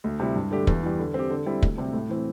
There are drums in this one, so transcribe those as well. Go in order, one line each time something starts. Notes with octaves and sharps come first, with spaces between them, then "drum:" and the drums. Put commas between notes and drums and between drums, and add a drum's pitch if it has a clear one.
D2
C3 G3 E4
G2
D3 A3 D4 G4
E2, drum: kick
E3 G3
D3
C4 G4
D3
G3 C4 E4
D2, drum: kick
C3 G3 C4
A2
E3 C4